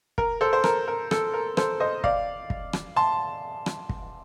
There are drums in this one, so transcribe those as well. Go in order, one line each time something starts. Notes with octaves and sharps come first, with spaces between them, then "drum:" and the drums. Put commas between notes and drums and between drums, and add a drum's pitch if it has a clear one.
A#4, drum: kick
A4 C5
C5
A#4, drum: rim click
A#4
A4, drum: rim click
A#4
A4 C5, drum: rim click
C5 D#5
D5 F5, drum: kick
drum: kick
drum: rim click
A5 C6
drum: rim click
drum: kick